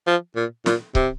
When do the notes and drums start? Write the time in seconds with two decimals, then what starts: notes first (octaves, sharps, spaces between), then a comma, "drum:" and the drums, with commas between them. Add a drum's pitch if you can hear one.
0.07 F3
0.36 A#2
0.66 A#2, drum: snare
0.95 C3, drum: kick C#1